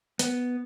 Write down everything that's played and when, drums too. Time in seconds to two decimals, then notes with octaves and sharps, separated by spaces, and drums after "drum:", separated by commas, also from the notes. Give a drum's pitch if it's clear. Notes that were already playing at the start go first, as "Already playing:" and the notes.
0.19 B3, drum: hi-hat